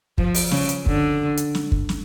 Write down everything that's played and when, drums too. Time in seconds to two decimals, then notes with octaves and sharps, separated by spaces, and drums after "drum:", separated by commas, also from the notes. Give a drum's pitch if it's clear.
0.18 F3, drum: kick
0.35 drum: open hi-hat
0.51 C#3, drum: snare
0.69 drum: hi-hat
0.86 D3, drum: kick
1.37 drum: hi-hat
1.55 drum: snare
1.72 drum: kick
1.89 drum: snare